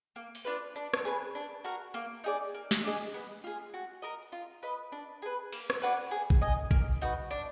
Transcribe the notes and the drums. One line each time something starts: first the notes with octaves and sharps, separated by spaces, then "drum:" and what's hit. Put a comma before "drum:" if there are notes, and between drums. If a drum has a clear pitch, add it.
A#3
drum: open hi-hat
D4 F4 B4
D4
drum: rim click
G#4 B4
D4
F#4 A#4
A#3
D#4 G#4 D5
A#3
drum: snare
D4 G#4 D#5
B3
F4 G#4
F#4
A#4 D#5
F4
B4 D#5
D4
G#4 B4
A#3, drum: cymbal
drum: rim click
D4 F#4 B4
G#4
drum: kick A1
D#5 G#5
A#3, drum: kick A1
D#4 F#4 B4
D4